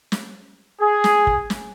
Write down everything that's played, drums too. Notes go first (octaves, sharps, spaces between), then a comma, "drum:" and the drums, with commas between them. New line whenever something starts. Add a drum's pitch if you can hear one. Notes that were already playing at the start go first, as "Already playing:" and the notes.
drum: snare
G#4
drum: snare
drum: kick
drum: snare